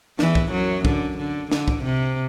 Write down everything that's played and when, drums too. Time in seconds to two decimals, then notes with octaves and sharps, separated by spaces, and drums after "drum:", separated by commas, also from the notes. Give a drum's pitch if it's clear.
0.19 E2 E3, drum: snare
0.35 drum: kick
0.52 F#2 F#3
0.85 D3, drum: kick
1.18 D3
1.51 D3, drum: snare
1.68 drum: kick
1.84 C3